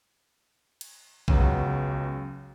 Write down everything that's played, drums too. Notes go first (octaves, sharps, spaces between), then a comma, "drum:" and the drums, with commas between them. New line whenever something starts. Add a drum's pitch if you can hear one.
drum: cymbal
C#2 C#3 F#3 B3, drum: kick A#1